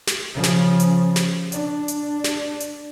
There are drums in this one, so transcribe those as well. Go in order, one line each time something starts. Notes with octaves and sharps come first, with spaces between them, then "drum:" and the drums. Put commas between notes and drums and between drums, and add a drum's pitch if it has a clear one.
drum: snare
C#3 F3
drum: snare
drum: hi-hat
drum: snare
D4, drum: hi-hat
drum: hi-hat
drum: snare
drum: hi-hat